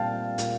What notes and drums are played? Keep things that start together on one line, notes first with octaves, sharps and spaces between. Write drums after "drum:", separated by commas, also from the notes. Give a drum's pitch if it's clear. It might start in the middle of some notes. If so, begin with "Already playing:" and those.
Already playing: A#2 G3 C4 F5 G5 A5
A#2, drum: hi-hat